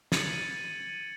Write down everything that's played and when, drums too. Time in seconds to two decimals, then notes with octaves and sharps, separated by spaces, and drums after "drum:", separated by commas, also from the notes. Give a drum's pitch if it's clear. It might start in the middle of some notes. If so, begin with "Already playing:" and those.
0.12 G#6 A6 C#7 D#7 F#7, drum: snare